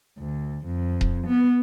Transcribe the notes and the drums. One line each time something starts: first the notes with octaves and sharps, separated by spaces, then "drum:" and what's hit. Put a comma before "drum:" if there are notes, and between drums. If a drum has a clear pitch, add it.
D2
F2
drum: kick D#1
B3